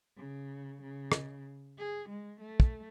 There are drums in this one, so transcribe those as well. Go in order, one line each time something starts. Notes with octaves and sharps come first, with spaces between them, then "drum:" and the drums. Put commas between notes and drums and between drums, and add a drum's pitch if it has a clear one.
C#3
C#3
drum: rim click
G#4
G#3
A3
drum: kick